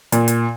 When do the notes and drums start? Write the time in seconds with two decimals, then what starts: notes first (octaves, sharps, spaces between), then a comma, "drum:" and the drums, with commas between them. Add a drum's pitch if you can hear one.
0.12 A#2, drum: hi-hat
0.28 drum: hi-hat